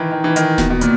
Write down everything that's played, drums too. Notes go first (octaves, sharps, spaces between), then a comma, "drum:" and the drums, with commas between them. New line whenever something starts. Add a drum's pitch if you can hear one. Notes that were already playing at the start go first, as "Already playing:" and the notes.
Already playing: D#3 E3
D#3
E3
D#3, drum: hi-hat
B2, drum: snare D#1
B2
A#2, drum: hi-hat